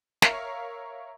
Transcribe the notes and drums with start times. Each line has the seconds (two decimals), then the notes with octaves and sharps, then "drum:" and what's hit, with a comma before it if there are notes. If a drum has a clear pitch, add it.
0.22 A#4 C#5 E5 F5, drum: snare